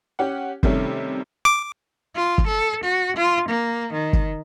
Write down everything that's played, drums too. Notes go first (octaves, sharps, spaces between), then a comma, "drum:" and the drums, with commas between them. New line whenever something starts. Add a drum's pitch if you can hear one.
C#4 G4 F#5
C3 D#3 G3 A3 C#4, drum: kick
D6
F4
drum: kick
A4
F#4
F4
A#3
D#3
drum: kick